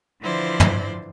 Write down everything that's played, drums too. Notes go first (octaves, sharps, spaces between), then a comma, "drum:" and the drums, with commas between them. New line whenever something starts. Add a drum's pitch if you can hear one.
D3 E3 F3 E4 C5 D5
drum: tom